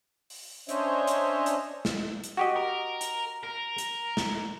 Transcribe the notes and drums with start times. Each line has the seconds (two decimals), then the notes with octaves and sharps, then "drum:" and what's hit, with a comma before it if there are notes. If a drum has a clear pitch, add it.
0.30 drum: open hi-hat
0.69 C#4 D4 C5 C#5 D#5 E5, drum: hi-hat
1.07 drum: hi-hat
1.46 drum: hi-hat
1.85 drum: snare
2.24 drum: hi-hat
2.37 F#4 G4 D#5
2.56 A#4
3.01 drum: hi-hat
3.43 A#4
3.78 drum: hi-hat
4.17 drum: snare